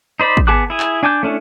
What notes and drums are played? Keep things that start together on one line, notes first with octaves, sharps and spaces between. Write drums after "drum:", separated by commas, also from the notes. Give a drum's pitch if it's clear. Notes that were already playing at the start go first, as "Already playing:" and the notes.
D#4 C5 D5 B5
drum: kick
B3 G#4 A5 D6 F#6
E4 G#4
drum: clap
D4 G#5 A5 D6 G6
A3 C#4 D4 E4